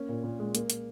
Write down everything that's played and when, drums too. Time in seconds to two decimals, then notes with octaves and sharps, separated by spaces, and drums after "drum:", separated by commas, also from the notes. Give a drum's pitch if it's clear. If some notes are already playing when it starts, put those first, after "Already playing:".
Already playing: A#3 C#4
0.09 A#2
0.24 A#2
0.39 G#3
0.55 A#3, drum: hi-hat
0.70 drum: hi-hat